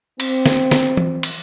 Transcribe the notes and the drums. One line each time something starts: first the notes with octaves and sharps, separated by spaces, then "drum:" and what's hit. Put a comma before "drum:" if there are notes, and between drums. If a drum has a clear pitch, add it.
C4, drum: cymbal
drum: snare
drum: snare
drum: tom E3
drum: cymbal